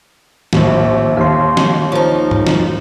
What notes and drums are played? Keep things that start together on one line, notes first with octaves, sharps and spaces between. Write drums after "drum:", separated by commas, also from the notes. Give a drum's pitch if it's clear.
A#1 D#2 A2, drum: snare
D#2 F5 C6
drum: snare
F3 D#4 C#5
drum: tom G#2
drum: snare